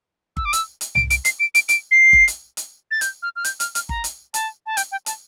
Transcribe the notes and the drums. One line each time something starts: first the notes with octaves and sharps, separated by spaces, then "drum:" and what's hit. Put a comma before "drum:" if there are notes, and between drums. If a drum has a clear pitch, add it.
E6, drum: kick G1
D6
E6, drum: hi-hat
drum: hi-hat
D7, drum: tom C2
D7, drum: hi-hat
C7, drum: hi-hat
D7
D7, drum: hi-hat
D7, drum: hi-hat
C7
drum: kick G1
drum: hi-hat
drum: hi-hat
A6
G6, drum: hi-hat
F6
F6
G6, drum: hi-hat
F6, drum: hi-hat
F6, drum: hi-hat
A#5, drum: kick G1
drum: hi-hat
A5, drum: hi-hat
A5
G5, drum: hi-hat
G5
A5, drum: hi-hat